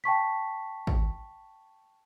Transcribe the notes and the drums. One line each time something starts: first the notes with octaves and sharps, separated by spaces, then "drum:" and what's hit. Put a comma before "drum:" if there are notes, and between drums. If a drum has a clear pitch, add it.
G5 A5 C#6 B6
drum: kick